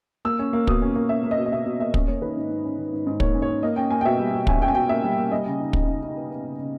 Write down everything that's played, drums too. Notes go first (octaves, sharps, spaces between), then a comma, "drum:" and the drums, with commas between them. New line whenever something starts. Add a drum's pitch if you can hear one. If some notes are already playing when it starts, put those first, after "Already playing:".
A#3 E6
C#4
A#3
B2 D#6, drum: kick
C#4
A#3
C#4 E5
A#3
D#5
B2
D#5
B2 E5
B2
A#3 E5
C#4 D#5, drum: kick
A#3 C#5
D#3 B4
G#2
G#2
C#4
D#3
G#2
G#2
A#3 C#5, drum: kick
C#4
C#5
C#4
A#3 D#5
C#4 G5
A#3 G#5
G5
B2 E5
G3
B2
C#4 G#5, drum: kick
C#4 G5
G#5
B2 G5
A#3 E5
G3
A#3
G3 D#5
C#3
D#4
C#3, drum: kick
D#4
D#4
B3
B3
C#3
C#3